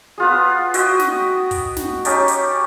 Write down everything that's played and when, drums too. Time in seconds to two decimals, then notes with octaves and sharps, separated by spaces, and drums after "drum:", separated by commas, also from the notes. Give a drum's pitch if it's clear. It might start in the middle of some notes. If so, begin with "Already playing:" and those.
0.18 B3 F4 G#4
0.74 F#4 D#5 E5 G5, drum: hi-hat
1.00 drum: snare
1.51 drum: kick, open hi-hat
1.77 drum: snare
2.05 C#4 D#4 G4 A5, drum: hi-hat
2.28 drum: hi-hat